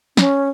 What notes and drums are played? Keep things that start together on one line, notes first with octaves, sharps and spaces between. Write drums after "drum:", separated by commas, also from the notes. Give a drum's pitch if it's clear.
C#4, drum: snare